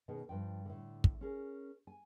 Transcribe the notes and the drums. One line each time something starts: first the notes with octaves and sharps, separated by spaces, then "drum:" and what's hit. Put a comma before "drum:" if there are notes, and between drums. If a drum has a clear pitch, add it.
B2 D#3 C#4 G#4
G2 F3 G5
A2 D3
drum: kick
C#4 G#4 A#4
G#5